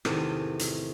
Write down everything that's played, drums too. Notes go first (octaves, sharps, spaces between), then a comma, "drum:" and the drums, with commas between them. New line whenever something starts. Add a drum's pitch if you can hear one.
E2 A2 C3 D#3 E3, drum: rim click
drum: hi-hat